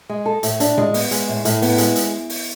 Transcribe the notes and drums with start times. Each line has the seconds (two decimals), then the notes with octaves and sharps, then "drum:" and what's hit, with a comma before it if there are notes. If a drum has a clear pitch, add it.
0.09 G#3
0.26 A4
0.43 A2, drum: hi-hat
0.60 D4, drum: hi-hat
0.78 G#3, drum: tom A2
0.94 B3, drum: open hi-hat
1.11 G#3, drum: hi-hat
1.28 A2
1.45 A2, drum: hi-hat
1.62 B3, drum: open hi-hat
1.78 G#3, drum: hi-hat
1.96 drum: hi-hat
2.30 drum: open hi-hat